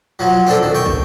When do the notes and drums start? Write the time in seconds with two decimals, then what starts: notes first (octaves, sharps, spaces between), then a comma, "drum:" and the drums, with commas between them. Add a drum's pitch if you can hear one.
0.19 F3 F#3
0.46 C4 D4 A4
0.63 D#3
0.75 G5 C#6
0.86 drum: kick